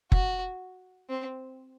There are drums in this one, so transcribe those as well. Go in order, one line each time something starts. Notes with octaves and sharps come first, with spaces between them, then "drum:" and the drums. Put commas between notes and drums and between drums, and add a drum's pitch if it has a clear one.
F#4, drum: kick
C4